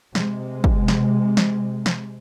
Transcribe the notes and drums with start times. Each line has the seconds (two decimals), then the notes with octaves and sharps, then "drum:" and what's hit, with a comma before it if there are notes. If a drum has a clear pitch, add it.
0.15 C3 G#3, drum: snare
0.64 drum: kick
0.88 drum: snare
1.37 drum: snare
1.86 drum: snare